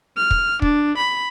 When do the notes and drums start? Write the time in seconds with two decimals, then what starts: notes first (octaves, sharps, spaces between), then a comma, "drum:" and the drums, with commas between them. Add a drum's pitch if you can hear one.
0.17 F6
0.31 drum: kick
0.62 D4, drum: kick
0.97 B5